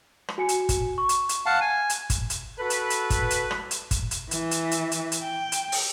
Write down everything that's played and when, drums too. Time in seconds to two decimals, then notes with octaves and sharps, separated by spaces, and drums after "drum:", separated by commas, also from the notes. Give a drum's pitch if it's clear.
0.28 drum: rim click
0.38 F#4 G#5 C#7
0.49 drum: hi-hat
0.69 drum: kick G1, hi-hat
0.98 C#6
1.09 drum: hi-hat
1.29 drum: hi-hat
1.46 F5 F#5 A5
1.61 G#5 D#7
1.90 drum: hi-hat
2.10 drum: kick G1, hi-hat
2.30 drum: hi-hat
2.59 F#4 A4 B4
2.70 drum: hi-hat
2.90 drum: hi-hat
3.10 drum: kick G1, hi-hat
3.30 drum: hi-hat
3.51 drum: rim click
3.71 drum: hi-hat
3.91 drum: kick G1, hi-hat
4.11 drum: hi-hat
4.31 E3, drum: hi-hat
4.51 drum: hi-hat
4.71 drum: hi-hat
4.92 drum: hi-hat
5.12 drum: hi-hat
5.23 G5
5.52 drum: hi-hat
5.72 drum: open hi-hat